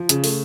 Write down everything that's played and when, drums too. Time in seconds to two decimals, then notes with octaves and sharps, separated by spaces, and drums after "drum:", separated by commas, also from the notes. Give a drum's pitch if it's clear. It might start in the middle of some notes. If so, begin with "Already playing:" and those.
Already playing: F3
0.09 C#3, drum: hi-hat
0.24 A3, drum: open hi-hat